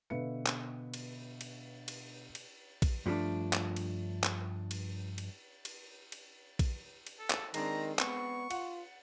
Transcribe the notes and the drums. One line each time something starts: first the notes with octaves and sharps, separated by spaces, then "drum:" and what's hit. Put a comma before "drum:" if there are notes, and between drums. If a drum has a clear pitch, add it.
B2 D3 B4 E5 F5 C#7
drum: clap
drum: cymbal
drum: cymbal
drum: cymbal
drum: cymbal
drum: kick A#1, cymbal
G2 F3 A3 B3 D4
drum: clap
drum: cymbal
drum: clap
drum: cymbal
drum: cymbal
drum: cymbal
drum: cymbal
drum: kick A#1, cymbal
drum: cymbal
A4
drum: clap
D#3 G#3 C4 D4 A#5, drum: cymbal
B3 C#6, drum: clap
F4 F#5, drum: cymbal